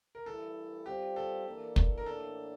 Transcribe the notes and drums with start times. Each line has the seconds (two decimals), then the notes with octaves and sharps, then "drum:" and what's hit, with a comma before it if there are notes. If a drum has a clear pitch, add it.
0.15 A#4
0.25 G2 E3 A3 E4 A4
0.86 G3 C4 F4 G4
1.16 A4
1.46 E3 A#3 D4
1.76 drum: kick
1.98 A#4
2.06 A2 E3 A#3 D4 A4